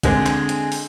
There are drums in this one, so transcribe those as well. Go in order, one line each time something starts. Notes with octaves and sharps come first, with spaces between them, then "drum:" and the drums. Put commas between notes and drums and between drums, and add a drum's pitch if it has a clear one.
D3 G#3 C4, drum: kick, hi-hat
drum: clap
drum: hi-hat
drum: open hi-hat